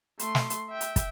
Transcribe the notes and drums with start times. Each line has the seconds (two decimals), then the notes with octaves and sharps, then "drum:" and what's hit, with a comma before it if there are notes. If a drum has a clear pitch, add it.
0.19 A3 C6, drum: hi-hat
0.35 drum: snare
0.50 drum: hi-hat
0.70 E5 G5
0.81 drum: hi-hat
0.96 drum: kick, hi-hat